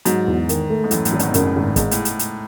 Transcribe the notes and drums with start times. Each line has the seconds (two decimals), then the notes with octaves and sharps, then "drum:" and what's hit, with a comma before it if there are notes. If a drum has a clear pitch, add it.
0.05 G#2 F#3, drum: hi-hat
0.27 E2
0.49 D#3, drum: hi-hat
0.70 A3
0.84 G#2
0.91 F#2 A2 E3, drum: hi-hat
1.05 F#2 A2, drum: hi-hat
1.13 G#1
1.19 G#2 B2, drum: hi-hat
1.34 F#2 A2 C#3, drum: hi-hat
1.56 G#1
1.76 G#2 G#3, drum: kick, hi-hat
1.91 A2, drum: hi-hat
2.05 drum: hi-hat
2.19 drum: hi-hat